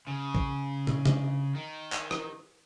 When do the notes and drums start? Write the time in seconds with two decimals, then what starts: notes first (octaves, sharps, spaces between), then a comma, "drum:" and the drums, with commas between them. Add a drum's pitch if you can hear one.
0.07 C#3
0.35 drum: kick
0.87 drum: tom
1.05 drum: tom
1.55 D#3
1.92 drum: clap
2.11 drum: rim click